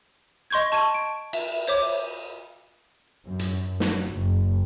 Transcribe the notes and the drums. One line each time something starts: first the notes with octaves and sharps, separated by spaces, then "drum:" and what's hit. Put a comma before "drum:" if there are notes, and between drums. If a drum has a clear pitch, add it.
D#5 C6 C#6 G6 G#6
A5 C#6 G#6 D#7 E7
D7
E5, drum: cymbal
C5 C#5 E5 D6
F#2
drum: hi-hat
F#3, drum: snare
F#1